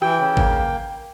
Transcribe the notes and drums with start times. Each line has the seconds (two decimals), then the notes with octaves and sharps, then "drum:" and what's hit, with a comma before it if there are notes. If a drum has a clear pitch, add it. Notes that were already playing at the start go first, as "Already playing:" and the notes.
0.02 E3 G5, drum: rim click
0.19 C#3
0.37 A#3, drum: kick G#1